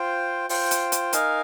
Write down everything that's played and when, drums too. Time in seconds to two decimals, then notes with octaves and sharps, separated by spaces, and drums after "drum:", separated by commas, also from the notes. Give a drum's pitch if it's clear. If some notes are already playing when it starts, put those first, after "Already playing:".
Already playing: F4 C5 G5
0.49 F4 C5 G5, drum: open hi-hat
0.71 drum: hi-hat
0.92 drum: hi-hat
1.13 D#4 A#4 F5 G#5, drum: hi-hat